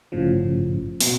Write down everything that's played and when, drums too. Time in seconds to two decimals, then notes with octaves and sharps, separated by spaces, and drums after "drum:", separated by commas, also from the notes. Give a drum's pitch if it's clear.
0.12 G1 A2 C#3 F3
1.01 B2 C7, drum: open hi-hat